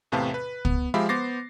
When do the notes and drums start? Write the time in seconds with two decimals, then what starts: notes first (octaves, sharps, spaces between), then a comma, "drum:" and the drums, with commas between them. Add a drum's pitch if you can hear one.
0.12 E2 A2 C3 B4 F5 A5
0.34 B4
0.65 B3, drum: kick
0.94 F3 G#3 G4 E5 F5 B5
1.09 B3 C5 D6 A6 A#6 C7